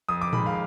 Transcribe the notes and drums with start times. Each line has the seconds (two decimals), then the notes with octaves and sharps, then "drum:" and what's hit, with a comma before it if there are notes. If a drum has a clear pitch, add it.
0.09 F2 D#6
0.22 D6
0.33 D#3 G#3 B5, drum: tom A2
0.46 F5